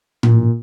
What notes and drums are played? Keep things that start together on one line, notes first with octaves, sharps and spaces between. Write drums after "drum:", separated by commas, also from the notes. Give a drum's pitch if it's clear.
A#2, drum: tom A2